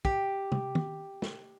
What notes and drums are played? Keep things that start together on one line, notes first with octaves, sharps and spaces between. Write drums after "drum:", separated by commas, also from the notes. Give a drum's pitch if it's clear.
G4, drum: kick
drum: tom C3
drum: tom
drum: snare